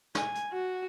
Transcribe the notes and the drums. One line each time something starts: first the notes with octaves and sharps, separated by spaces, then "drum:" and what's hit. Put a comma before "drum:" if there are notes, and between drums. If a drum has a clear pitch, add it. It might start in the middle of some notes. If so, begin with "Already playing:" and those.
G#5, drum: snare
drum: hi-hat
F#4